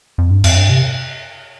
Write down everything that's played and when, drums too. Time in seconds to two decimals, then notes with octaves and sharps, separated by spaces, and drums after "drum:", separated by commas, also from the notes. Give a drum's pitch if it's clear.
0.18 F2
0.30 G2
0.44 F2, drum: cymbal
0.56 G2
0.70 C3